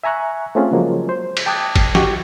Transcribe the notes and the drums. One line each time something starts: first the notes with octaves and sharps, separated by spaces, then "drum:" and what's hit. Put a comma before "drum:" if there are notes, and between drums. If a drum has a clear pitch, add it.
E5 G#5 A#5 C#6 F#6
A3 C4 C#4 F4 G#4
C#3 F3 F#3 G#3 A#3
C5
drum: cymbal
G5 A5 D6 D#6 F#6 G#6
drum: kick, cymbal
F#4 G4 G5 C#6, drum: snare